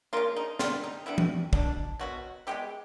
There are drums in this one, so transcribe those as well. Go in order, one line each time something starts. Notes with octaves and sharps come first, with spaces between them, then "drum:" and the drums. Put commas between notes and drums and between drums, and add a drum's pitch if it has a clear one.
C#3 F3 A#3 F4
D#4
D3 G3 B3 F4, drum: snare
D#4
D3 G3 B3 E4
drum: tom E3
B2 F#3 B3 D4, drum: kick
B2 F#3 B3 F#4
E3 G#3 B3 G4